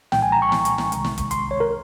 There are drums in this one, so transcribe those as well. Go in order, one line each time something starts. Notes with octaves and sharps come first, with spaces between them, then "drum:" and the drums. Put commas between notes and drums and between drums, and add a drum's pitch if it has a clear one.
C2 A#2 F3 G#3 G5, drum: snare
G#5
A#5
C#6
drum: snare
drum: hi-hat
drum: snare
C2 C3 D#3 G#3, drum: hi-hat
drum: snare
drum: kick, hi-hat
C6, drum: hi-hat
C#5
A#4